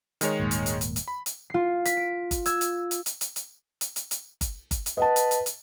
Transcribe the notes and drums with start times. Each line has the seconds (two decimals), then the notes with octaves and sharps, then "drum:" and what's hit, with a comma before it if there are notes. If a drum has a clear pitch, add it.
0.21 D#3 G#3 C#5, drum: hi-hat
0.40 D#1 G#2 A#3
0.51 drum: hi-hat
0.66 drum: hi-hat
0.81 drum: hi-hat
0.96 drum: hi-hat
1.08 B5
1.26 drum: hi-hat
1.50 F4 C7
1.85 B6, drum: hi-hat
1.97 D7
2.31 drum: kick G1, hi-hat
2.46 E6 G#6, drum: hi-hat
2.61 drum: hi-hat
2.91 drum: hi-hat
3.06 drum: hi-hat
3.21 drum: hi-hat
3.36 drum: hi-hat
3.81 drum: hi-hat
3.96 drum: hi-hat
4.11 drum: hi-hat
4.41 drum: kick G1, hi-hat
4.71 drum: kick G1, hi-hat
4.86 drum: hi-hat
4.97 B4 D#5 F#5 A5
5.16 drum: hi-hat
5.31 drum: hi-hat
5.46 drum: hi-hat